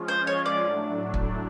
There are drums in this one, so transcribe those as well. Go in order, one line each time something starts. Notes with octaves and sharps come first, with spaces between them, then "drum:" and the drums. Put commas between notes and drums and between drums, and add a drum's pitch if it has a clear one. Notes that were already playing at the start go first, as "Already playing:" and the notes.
Already playing: F3 G#3 C#4 F4
C5
C#5
D5
A2 F#3 A3 D4
drum: kick